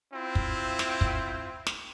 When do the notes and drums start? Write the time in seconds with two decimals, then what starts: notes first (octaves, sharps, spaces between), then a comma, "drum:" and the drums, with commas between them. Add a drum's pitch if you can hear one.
0.14 C4 E4 F4
0.35 drum: kick
0.79 drum: snare
1.01 drum: kick
1.67 drum: snare